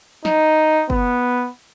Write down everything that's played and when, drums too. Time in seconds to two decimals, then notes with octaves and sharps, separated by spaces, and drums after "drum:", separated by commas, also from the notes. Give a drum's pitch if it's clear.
0.25 D#4, drum: snare
0.90 B3, drum: kick F#1